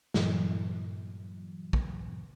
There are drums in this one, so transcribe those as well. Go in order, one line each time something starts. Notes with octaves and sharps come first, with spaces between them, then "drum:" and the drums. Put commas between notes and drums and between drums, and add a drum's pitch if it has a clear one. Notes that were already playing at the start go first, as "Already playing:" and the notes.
G2 A#2 E3 F#3, drum: snare
drum: kick